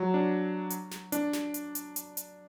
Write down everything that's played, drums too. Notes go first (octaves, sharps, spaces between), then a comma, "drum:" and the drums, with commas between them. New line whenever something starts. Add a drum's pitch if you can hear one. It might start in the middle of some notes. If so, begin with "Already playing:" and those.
Already playing: F#3
D4
drum: hi-hat
drum: snare
D4, drum: hi-hat
drum: snare
drum: hi-hat
drum: hi-hat
drum: hi-hat
drum: hi-hat